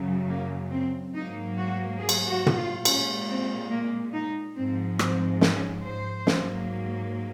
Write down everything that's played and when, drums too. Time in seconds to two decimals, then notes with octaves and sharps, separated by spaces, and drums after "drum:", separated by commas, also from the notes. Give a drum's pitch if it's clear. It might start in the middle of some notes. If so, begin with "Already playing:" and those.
Already playing: F#2 C#3 F#3
0.29 A#3
0.71 C4
1.13 G#2 F#3 A#3 D#4
1.57 F#4
1.99 G#4
2.09 drum: cymbal
2.28 F#4
2.46 drum: tom
2.56 F4
2.85 A#2 G#3 C#4, drum: cymbal
3.28 C4
3.71 A#3
4.13 D#4
4.56 G#2 F3 G#3 C4
4.99 C4, drum: rim click
5.41 C#4, drum: snare
5.85 C5
6.27 G#2 F#3 A#3, drum: snare